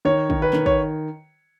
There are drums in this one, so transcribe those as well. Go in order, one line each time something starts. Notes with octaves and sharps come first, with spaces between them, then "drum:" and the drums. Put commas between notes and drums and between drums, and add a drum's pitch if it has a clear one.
D#3 C#5
D#3, drum: kick
B4
D#3, drum: clap
C#5, drum: kick